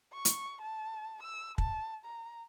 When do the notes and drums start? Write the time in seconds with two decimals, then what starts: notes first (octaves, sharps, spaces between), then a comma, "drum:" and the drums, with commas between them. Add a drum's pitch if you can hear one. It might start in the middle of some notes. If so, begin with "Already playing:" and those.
0.13 C#6
0.25 drum: hi-hat
0.62 A5
1.23 E6
1.58 A5, drum: kick
2.05 A#5